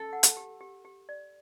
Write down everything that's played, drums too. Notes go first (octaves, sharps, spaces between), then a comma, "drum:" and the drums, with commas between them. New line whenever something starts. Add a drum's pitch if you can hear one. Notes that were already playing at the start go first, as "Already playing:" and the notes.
Already playing: A4
F#5
drum: hi-hat
G4
G4
G4
D5